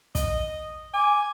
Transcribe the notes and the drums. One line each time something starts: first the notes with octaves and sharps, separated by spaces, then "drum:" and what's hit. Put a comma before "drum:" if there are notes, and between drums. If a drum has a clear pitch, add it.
D#5, drum: kick, hi-hat
G#5 D6